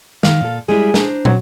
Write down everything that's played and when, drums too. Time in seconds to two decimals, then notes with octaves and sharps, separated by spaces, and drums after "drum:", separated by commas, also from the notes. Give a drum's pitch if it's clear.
0.23 D#3 F5, drum: snare
0.41 A#2 A4
0.69 G3 G#3 E4 G#4
0.94 D4 C5 A#5, drum: snare
1.25 F#3, drum: tom